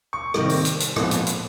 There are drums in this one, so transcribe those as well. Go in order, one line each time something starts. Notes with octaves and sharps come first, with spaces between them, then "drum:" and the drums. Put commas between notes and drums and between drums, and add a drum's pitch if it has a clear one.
C#6
C3 D#3 G3 A#3, drum: rim click
drum: open hi-hat
drum: hi-hat
drum: hi-hat
A#2 F3 G#3 B3, drum: rim click
drum: hi-hat
drum: hi-hat